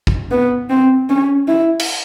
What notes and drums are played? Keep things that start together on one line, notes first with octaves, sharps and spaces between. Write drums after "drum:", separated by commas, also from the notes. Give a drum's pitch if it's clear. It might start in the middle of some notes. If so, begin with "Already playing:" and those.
drum: kick
B3
C4
C#4
E4
drum: cymbal